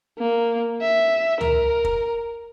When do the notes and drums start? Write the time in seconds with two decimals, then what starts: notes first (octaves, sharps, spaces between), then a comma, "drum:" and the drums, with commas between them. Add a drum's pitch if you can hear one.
0.19 A#3
0.81 E5
1.41 A#4, drum: tom C#2
1.85 drum: kick